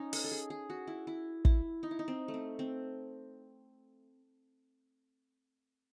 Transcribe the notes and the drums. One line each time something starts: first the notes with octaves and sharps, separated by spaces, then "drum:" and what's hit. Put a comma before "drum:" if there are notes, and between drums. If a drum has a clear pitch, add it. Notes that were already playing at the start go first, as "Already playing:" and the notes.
Already playing: C#4 D#4
A4, drum: open hi-hat
A4
G#4
G#4
F#4
E4
E4
E4, drum: kick
D#4
E4
D#4
C4
A3
C4
C4